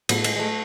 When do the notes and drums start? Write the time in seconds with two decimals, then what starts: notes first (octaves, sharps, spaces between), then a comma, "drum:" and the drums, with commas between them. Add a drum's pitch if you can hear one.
0.09 A2 F#3 A3 B3 E4, drum: cymbal
0.24 G#3, drum: cymbal
0.36 G#3 A3